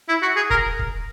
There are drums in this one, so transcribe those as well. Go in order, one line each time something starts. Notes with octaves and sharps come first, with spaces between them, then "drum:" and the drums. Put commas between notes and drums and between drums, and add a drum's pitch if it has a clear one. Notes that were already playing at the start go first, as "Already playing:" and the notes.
E4
F#4
G#4
A#4, drum: kick F1
drum: kick F1